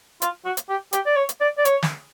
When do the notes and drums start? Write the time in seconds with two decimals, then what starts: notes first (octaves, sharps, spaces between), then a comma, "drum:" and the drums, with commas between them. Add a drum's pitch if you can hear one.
0.22 F4, drum: hi-hat
0.45 F#4
0.57 drum: hi-hat
0.69 G4
0.93 G4, drum: hi-hat
1.06 D5
1.16 C#5
1.29 drum: hi-hat
1.41 D5
1.58 D5
1.65 C#5, drum: hi-hat
1.83 drum: snare